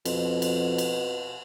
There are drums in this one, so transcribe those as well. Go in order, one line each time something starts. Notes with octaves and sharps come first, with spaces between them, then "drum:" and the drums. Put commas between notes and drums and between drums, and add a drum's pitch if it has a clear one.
F2 B2, drum: cymbal
drum: cymbal
drum: cymbal